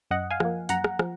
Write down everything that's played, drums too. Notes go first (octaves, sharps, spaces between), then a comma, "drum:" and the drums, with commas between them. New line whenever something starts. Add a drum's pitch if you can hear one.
F#2 D#5 F#5
F5 G#5
F3 A#3, drum: rim click
F#2 F#5 A#5, drum: hi-hat
drum: rim click
F3, drum: rim click